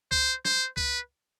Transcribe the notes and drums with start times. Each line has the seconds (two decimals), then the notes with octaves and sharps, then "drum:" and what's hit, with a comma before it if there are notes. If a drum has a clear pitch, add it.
0.12 C5, drum: kick C#2
0.45 C5, drum: snare
0.77 B4, drum: kick C#2